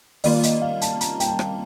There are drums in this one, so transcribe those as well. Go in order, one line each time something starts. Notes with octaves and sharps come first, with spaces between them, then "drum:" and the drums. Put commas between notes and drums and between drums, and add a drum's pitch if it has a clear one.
D#3 G3 A#3 F4 D5, drum: open hi-hat
D#5, drum: hi-hat
F5
A5, drum: hi-hat
A#5, drum: hi-hat
G5, drum: hi-hat
A5
drum: rim click